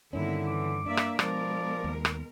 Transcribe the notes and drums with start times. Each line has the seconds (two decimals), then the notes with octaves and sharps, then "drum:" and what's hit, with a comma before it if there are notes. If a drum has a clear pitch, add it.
0.13 G2 D3 D#3 A#3 B3 C#4 E4
0.47 E3 D6
0.86 G2 A#3 D4 D5 E5
0.97 drum: rim click
1.19 B2 F3 G#3 A#4 D5, drum: rim click
1.84 D#2
2.05 drum: rim click